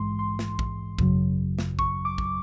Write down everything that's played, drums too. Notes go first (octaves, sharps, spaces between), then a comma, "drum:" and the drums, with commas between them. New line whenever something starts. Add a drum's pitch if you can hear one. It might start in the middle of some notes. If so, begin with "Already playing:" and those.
Already playing: A#1 G#2 E3 G#3 C6
C6
drum: snare
drum: kick
G#1 F#2 C#3 F#3, drum: kick
drum: snare
C#6, drum: kick
D6
drum: kick